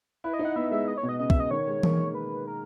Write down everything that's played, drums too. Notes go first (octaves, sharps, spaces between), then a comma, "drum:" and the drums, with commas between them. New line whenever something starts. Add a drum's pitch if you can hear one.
E4 B4
D#5
D#4
F#5
B3 E5
G#3 E5
D#5
C#5
B2
D#5
C#3 D#5
E5, drum: kick
C#3 D#5
D#3 C#5
G#3
A#3, drum: tom E3
B4
A#4